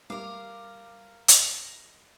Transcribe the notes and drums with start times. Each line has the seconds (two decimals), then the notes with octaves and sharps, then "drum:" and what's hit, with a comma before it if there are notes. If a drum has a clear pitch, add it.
0.10 G3 A#4 F5 D6
1.28 D#5 A#6, drum: hi-hat